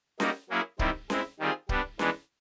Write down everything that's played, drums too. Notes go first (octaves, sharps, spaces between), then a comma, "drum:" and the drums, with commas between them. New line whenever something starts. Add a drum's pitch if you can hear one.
G3 A#3 D#4 F#4, drum: snare C#4
F#3 A#3 C#4 E4 G#4
D#3 G3 C4 E4, drum: kick C#1
G#3 C4 E4, drum: snare C#4
D#3 G3 C4 F4 G#4
G3 B3 D4, drum: kick C#1
E3 G#3 B3 D4, drum: snare C#4